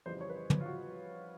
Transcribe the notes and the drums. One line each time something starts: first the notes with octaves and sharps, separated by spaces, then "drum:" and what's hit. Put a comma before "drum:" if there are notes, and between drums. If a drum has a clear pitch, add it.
F2 C#3 E3 G3 C5
C#5
B4
C5
B4, drum: tom
F4
F#4